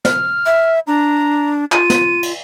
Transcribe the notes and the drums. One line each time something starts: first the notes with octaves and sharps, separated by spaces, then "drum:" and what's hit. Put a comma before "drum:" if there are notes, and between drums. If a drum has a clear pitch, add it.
F6, drum: snare
E5
D4 A#5
F4 D#7, drum: clap
drum: snare
drum: cymbal